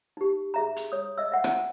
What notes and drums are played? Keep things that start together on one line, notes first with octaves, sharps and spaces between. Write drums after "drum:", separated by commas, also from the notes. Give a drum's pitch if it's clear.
D#4 G4
G#4 E5 A#5
drum: hi-hat
C#5 D#6
D#5 E5 E6
E5 F#5
drum: rim click